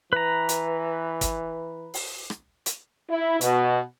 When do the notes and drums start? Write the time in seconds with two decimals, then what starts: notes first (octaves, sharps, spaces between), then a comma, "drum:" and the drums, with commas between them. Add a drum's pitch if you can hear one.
0.13 E3 B4 A#5
0.49 drum: hi-hat
1.21 drum: kick G1, hi-hat
1.94 drum: open hi-hat
2.30 drum: rim click
2.66 drum: hi-hat
3.10 E4
3.41 B2, drum: hi-hat